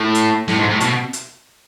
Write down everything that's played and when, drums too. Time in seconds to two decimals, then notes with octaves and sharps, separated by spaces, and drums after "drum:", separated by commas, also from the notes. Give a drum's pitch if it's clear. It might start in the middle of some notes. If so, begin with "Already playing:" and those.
Already playing: A2
0.15 drum: hi-hat
0.48 A2, drum: snare
0.58 G#2
0.70 A2
0.80 B2, drum: hi-hat
1.13 drum: hi-hat